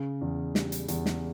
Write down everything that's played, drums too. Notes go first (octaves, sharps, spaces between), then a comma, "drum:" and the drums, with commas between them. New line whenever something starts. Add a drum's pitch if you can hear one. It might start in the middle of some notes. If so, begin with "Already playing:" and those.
Already playing: C#3
E2
G3, drum: snare
drum: hi-hat
E2, drum: hi-hat
drum: snare